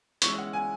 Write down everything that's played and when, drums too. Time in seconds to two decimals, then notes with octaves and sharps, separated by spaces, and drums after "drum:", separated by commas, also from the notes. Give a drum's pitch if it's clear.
0.22 E3 G#3 C#4 E4 C#6, drum: hi-hat
0.38 F#5
0.53 G#5